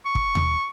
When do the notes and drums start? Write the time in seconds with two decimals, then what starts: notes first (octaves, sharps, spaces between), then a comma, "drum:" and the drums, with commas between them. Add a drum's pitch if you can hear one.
0.05 C#6
0.15 drum: kick
0.35 drum: tom D#2